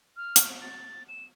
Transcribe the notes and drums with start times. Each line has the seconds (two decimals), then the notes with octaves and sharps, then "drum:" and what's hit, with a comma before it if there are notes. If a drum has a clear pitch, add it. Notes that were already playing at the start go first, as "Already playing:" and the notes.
0.17 F6
0.36 drum: hi-hat
0.62 A6
1.09 E7